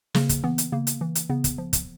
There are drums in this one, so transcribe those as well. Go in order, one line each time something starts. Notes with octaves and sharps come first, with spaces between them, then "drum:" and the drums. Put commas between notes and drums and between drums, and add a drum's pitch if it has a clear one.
C#3 A#3, drum: snare
drum: kick, hi-hat
E3 B3
drum: hi-hat
C#3 A#3
drum: hi-hat
E3
drum: hi-hat
C#3 B3
drum: kick, hi-hat
F3
drum: kick, hi-hat